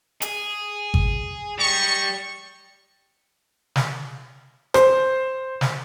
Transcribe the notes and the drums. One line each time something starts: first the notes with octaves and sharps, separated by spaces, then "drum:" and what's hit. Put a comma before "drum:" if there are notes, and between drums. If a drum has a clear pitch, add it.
G#4, drum: hi-hat
drum: kick G#1
G3 D#5 C#6
drum: snare
C5, drum: rim click
drum: snare